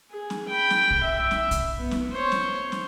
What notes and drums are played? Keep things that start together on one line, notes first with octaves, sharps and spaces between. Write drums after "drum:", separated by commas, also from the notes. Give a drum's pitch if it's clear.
G#4
drum: snare
G5 B5
drum: snare
drum: kick
E5
drum: snare
drum: kick, hi-hat
B3
drum: snare
C5 C#5
drum: snare
drum: snare